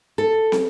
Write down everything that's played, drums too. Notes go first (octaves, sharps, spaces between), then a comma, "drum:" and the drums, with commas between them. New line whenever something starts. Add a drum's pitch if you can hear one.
A4
drum: snare